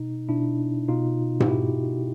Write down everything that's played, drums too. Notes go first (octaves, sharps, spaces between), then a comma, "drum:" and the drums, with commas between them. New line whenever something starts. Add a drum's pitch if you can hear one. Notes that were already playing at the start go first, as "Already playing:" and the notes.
Already playing: B2 D#4
B2 D4 E4
B2 D#4 F4
G4, drum: tom G#2
B2 E4 F#4